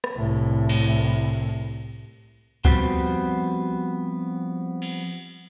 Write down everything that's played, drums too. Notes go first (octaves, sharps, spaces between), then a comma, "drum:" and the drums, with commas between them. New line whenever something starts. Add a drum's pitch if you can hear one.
drum: rim click
C2 A2
drum: cymbal
F3 G3 B3 C4 F#4, drum: kick C2
drum: cymbal